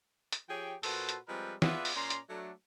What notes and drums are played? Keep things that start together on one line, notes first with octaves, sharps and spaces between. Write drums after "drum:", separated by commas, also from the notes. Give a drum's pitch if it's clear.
drum: hi-hat
F3 G4 G#4 C#5 G5
A#2 F#4 A4 B4 C5 A5, drum: open hi-hat
drum: hi-hat
F3 G3 G#3 C4 A#4 B4
B3 F4 G#4 B4 D5 E5, drum: snare
drum: open hi-hat
A#2 C#4 D5 A#5 C6
drum: hi-hat
F#3 A3 D4